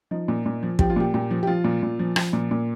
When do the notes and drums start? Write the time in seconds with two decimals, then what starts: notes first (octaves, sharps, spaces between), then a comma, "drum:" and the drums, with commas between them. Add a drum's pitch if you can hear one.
0.11 F3 D#4
0.28 A#2
0.46 A#2
0.63 F3
0.79 F3 G4, drum: kick
0.90 F4
0.96 A#2 G4
1.14 A#2 G4
1.31 F3
1.43 G4
1.47 F3 F4
1.64 A#2
1.83 A#2
1.99 F3
2.16 F3, drum: rim click
2.33 A#2
2.51 A#2